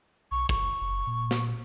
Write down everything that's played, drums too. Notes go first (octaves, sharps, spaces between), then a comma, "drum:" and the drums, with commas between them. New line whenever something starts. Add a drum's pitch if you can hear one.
B1 C#6
F#1 C#6, drum: kick
F#1
A#2
drum: snare